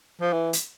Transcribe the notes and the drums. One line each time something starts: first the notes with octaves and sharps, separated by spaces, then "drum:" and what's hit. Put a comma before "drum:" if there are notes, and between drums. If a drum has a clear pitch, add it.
F3
E3
drum: hi-hat